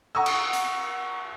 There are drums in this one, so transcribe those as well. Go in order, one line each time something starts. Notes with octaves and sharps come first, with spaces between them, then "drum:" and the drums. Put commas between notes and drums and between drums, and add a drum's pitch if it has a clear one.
F#5 A#5 C#6 D#6 E6
drum: cymbal
drum: hi-hat